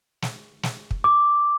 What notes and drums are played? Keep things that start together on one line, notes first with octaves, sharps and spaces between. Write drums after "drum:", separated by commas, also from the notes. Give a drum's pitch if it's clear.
drum: snare
drum: snare
drum: kick
D6